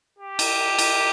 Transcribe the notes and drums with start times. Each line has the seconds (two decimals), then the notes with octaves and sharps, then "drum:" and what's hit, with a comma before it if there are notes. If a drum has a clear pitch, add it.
0.19 G4
0.39 drum: cymbal
0.79 drum: cymbal